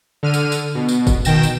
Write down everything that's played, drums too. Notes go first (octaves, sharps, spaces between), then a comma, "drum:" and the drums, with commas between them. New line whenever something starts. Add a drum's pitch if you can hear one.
D3 F6 D#7
drum: tambourine
drum: tambourine
B2
drum: tambourine
drum: kick F1, tambourine
B2 D#3 G5 A#6 E7, drum: tambourine
drum: tambourine